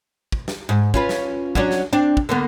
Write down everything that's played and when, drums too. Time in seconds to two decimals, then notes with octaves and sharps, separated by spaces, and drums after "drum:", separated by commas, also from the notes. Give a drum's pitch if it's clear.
0.32 drum: kick
0.48 drum: snare
0.69 G#2
0.94 C#4 F4 B4, drum: kick
1.09 drum: snare
1.55 F#3 C#4 D4, drum: kick
1.71 drum: snare
1.93 C4 D4
2.17 drum: kick
2.29 D3 A#3 B3